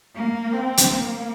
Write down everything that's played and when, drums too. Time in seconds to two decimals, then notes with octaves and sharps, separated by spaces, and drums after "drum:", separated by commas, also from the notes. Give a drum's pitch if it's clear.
0.15 A#3
0.53 C4
0.77 drum: hi-hat
0.92 A#3